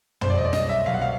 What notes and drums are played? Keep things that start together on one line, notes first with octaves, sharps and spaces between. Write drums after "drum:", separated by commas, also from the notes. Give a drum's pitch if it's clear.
B1 B2 G3 C5, drum: tom
D5
D#5
D5
D#5, drum: snare
E5
C2 B2 F#3 F5
F#5
F5